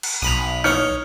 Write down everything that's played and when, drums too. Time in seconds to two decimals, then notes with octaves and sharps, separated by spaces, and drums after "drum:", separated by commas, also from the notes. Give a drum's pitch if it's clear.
0.03 drum: cymbal
0.22 B1 A#5 B5 D#6
0.64 D#4 C#5 D#5 F6 C#7